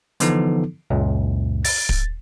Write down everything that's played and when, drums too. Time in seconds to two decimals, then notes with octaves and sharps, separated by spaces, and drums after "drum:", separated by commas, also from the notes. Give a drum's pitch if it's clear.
0.20 D3 E3 F3 B3 D#4 A4, drum: hi-hat
0.90 C#2 F#2 A#2
1.64 A6, drum: open hi-hat
1.89 drum: kick